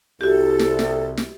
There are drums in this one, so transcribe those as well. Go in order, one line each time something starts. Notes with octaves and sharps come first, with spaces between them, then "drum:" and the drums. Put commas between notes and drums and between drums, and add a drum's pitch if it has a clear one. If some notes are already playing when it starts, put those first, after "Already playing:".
C2 F#4 G4 A4
drum: snare
drum: snare
drum: snare